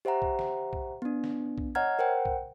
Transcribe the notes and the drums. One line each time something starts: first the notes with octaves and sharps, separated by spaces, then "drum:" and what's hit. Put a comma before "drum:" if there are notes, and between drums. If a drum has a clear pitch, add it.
G4 C5 E5 F#5 A#5
drum: kick B1
drum: snare
drum: kick B1
B3 D4
drum: snare
drum: kick B1
C#5 D#5 F#5 A#5 F6 G#6
A#4 C5 F#5 G5
drum: kick B1